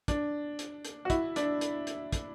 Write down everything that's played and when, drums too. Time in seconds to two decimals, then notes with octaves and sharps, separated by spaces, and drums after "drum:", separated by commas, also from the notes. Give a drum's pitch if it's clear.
0.08 D4, drum: kick, hi-hat
0.59 drum: hi-hat
0.85 drum: hi-hat
1.05 F#4
1.10 E4, drum: kick, hi-hat
1.36 D4, drum: hi-hat
1.61 drum: hi-hat
1.87 drum: hi-hat
2.13 drum: kick, hi-hat